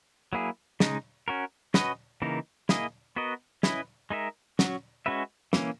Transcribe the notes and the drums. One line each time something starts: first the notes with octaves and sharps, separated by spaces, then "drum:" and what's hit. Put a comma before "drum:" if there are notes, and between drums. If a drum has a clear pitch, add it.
F#3 A#3 E4 G#4
C#3 G#3 D#4, drum: snare
C#4 F#4 A#4
C#4 F#4 B4 D#5, drum: snare
C#3 E3 A#3 D#4 A#4
A#3 E4 G#4 D#5, drum: snare
B3 F#4 A#4 D#5
C#4 E4 B4 D#5, drum: snare
G#3 D#4 A#4 E5
F#3 C#4 F#4, drum: snare
G#3 C#4 F#4 B4 E5
E3 A#3 C#4, drum: snare